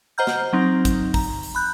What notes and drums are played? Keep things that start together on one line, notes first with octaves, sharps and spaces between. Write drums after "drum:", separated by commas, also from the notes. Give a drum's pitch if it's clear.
C5 D#5 F#5 A#5 F6 G6
drum: snare
F#3 C4 D#4
drum: kick, hi-hat
A#5, drum: kick, open hi-hat
drum: open hi-hat
B5 F#6 G6